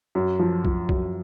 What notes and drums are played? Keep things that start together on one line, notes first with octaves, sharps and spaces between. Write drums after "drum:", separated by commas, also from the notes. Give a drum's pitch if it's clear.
F#2
F3
F3, drum: kick
F#2, drum: kick